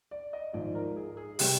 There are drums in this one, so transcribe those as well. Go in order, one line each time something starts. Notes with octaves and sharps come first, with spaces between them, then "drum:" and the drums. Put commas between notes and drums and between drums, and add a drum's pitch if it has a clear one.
D5
D#5
G#1 G#2 F3 D5
A#4
G#4
G#4
C3 G3 G4, drum: open hi-hat